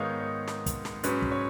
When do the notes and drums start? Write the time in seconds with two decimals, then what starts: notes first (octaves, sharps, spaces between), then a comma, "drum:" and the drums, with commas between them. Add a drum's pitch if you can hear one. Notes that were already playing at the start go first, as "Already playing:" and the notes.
Already playing: G#2 D#3 G#3 B3 D#4 C#5 F5
0.20 C#5
0.48 drum: snare
0.66 drum: kick, hi-hat
0.85 drum: snare
1.03 G#2 F#3 C#4 B4, drum: hi-hat
1.22 drum: kick
1.32 C#5